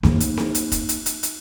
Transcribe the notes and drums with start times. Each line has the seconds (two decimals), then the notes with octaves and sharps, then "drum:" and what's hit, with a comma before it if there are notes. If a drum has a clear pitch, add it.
0.03 A#3 D#4, drum: snare C4
0.20 drum: hi-hat
0.37 drum: snare C4
0.55 drum: hi-hat
0.72 drum: kick, hi-hat
0.89 drum: hi-hat
1.06 drum: hi-hat
1.23 drum: hi-hat